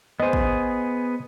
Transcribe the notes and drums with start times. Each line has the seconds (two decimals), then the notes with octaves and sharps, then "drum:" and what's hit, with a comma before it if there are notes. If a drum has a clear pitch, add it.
0.20 B3 G#4 C5 D#5
0.33 drum: kick